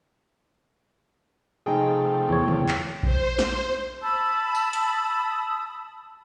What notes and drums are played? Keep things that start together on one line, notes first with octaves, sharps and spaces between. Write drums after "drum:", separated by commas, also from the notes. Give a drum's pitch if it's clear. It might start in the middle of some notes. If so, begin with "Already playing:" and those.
C3 F3 A3 D#4 G#4 G5
E2 C#5
drum: tom
drum: clap
C5, drum: kick A#1
C5, drum: snare
A5 B5 D#6 E6
drum: tambourine
drum: hi-hat